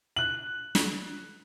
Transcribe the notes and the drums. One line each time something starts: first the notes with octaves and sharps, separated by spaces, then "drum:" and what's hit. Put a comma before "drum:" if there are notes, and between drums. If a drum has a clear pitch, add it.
F#6 F#7
drum: snare